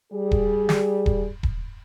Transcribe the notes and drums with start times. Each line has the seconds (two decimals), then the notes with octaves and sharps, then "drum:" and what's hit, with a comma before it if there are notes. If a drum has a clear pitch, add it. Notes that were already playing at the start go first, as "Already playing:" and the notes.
0.13 G3 G#4
0.31 drum: kick D#1
0.69 drum: snare
1.06 drum: kick D#1
1.43 drum: kick D#1